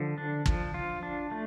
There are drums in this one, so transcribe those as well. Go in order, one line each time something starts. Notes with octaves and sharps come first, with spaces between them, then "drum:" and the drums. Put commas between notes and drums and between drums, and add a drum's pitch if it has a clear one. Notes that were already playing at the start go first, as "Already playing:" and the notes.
Already playing: D3 F3
D4
F3, drum: kick
F4
D4
A3